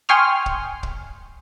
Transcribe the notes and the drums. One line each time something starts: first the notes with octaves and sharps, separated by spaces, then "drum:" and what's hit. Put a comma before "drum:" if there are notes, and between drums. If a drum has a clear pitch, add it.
G5 G#5 C6 C#6 D#6 F6
drum: kick
drum: kick